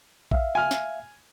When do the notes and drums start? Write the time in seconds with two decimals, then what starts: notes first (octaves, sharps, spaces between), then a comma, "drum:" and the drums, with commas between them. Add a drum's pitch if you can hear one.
0.31 E5 F5, drum: kick A#1
0.55 G#5 F6
0.71 drum: snare